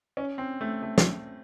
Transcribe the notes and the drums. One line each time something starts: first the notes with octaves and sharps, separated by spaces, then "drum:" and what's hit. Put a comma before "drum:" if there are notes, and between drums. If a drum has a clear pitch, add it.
C#4
C4
A3
A3
drum: snare